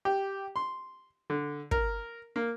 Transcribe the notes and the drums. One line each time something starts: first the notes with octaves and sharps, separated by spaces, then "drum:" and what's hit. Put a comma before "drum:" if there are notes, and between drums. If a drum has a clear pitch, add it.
G4
C6
D3
A#4, drum: kick
A#3